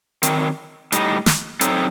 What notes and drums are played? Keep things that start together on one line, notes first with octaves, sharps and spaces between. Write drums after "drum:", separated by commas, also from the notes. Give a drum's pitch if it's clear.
D#3 F#3 C4, drum: hi-hat
A2 G3 D#4, drum: hi-hat
drum: snare
F#3 C4 D#4 A4 C5, drum: hi-hat